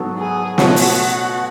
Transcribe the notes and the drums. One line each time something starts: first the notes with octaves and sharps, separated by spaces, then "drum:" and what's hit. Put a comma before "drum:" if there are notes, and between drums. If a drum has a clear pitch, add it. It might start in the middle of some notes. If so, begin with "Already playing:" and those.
Already playing: G#2 F#3 B3 F#4 A4
G#4
B2 A3 C#4 F4 F#4, drum: snare
drum: open hi-hat